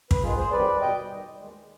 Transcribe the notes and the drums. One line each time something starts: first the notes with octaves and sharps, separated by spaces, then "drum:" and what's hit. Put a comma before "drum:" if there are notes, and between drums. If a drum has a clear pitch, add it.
B4, drum: kick
D#2 D#3 G#3 F4 G#4
G#4 C5
F2 D#3 G3 B4 D5
B2 G3 D#5 G5
G#2 D#3 G3
D#2 D#3 G#3